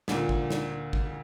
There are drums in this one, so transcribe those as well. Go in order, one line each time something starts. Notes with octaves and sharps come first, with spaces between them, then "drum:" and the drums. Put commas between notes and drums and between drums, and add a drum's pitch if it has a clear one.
D2 A#2, drum: snare
drum: kick
drum: snare
drum: kick